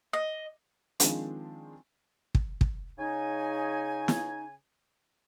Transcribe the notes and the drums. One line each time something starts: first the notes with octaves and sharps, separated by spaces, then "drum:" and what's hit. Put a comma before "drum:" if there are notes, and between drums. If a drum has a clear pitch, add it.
D#5
D#3 F3 G#3 C4 D4, drum: hi-hat
drum: kick
drum: kick
C#3 D#4 G#5
drum: snare